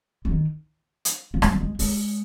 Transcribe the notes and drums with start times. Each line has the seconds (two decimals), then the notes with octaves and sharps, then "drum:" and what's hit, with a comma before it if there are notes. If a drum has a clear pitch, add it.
0.25 E3
0.31 D#3
1.05 drum: hi-hat
1.34 F#3
1.42 G3, drum: rim click
1.52 G3
1.61 G#3
1.79 G#3, drum: open hi-hat